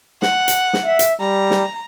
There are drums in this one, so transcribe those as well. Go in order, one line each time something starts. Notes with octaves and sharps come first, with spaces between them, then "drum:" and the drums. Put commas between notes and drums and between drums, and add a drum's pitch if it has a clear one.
F#5, drum: snare
drum: hi-hat
drum: snare
E5
drum: hi-hat
G3 A#5
drum: snare